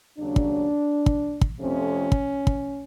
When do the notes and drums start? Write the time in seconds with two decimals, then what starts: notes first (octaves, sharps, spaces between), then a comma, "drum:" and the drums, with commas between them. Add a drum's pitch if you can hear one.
0.18 D#2 C#3 F#3 D4
0.36 drum: kick
1.06 drum: kick
1.41 drum: kick
1.59 F2 C3 F3 A3 C4 C#4
2.12 drum: kick
2.47 drum: kick